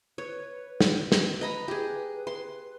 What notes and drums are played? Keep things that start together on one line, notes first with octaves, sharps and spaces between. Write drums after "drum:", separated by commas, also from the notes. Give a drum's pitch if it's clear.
B4 C#5
drum: snare
drum: snare
D#5 A#5 B5
G4 G#4
C6